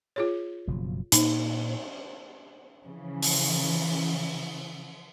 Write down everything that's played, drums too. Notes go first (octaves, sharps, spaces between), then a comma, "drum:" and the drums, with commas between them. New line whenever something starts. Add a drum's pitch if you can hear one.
F4 G#4 C#5
F#1 B2 F3
A#2 A#3 D#4, drum: hi-hat
C#3 E3 F3
drum: open hi-hat